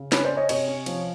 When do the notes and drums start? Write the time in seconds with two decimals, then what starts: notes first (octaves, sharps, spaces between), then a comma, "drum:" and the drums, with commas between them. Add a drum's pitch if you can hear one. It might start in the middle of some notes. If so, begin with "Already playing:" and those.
Already playing: C#3
0.12 C#4 B4 C#5, drum: snare
0.25 C5 D5
0.31 C#4
0.37 C#5 D#5
0.49 C3 C#5 D#5, drum: cymbal
0.68 C#4
0.86 F3, drum: cymbal